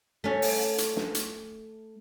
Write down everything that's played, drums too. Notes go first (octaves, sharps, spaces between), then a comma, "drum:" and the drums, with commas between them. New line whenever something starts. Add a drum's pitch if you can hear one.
A3 C#4
drum: open hi-hat
drum: hi-hat
drum: snare
drum: hi-hat